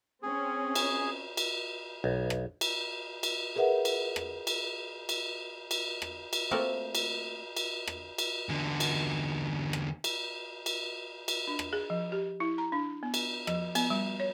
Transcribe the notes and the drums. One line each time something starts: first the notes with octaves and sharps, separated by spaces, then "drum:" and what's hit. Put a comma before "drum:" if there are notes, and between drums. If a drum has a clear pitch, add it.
C4 C#4 G#4
drum: cymbal
drum: cymbal
B1
drum: rim click
drum: cymbal
drum: cymbal
G#4 A#4 B4 E5 F#5
drum: cymbal
drum: rim click
drum: cymbal
drum: cymbal
drum: cymbal
drum: rim click
drum: cymbal
A3 A#3 C4 A4 A#4
drum: cymbal
drum: cymbal
drum: rim click
drum: cymbal
E2 D3
drum: cymbal
drum: rim click
drum: cymbal
drum: cymbal
drum: cymbal
D4
drum: rim click
G#4
F3
G4
E4
A#5
D4
B3
drum: cymbal
F3, drum: rim click
B3, drum: cymbal
G3
C#5